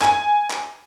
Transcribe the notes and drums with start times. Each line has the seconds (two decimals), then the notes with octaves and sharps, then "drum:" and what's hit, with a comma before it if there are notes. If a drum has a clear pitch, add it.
0.01 G#5, drum: clap
0.50 drum: clap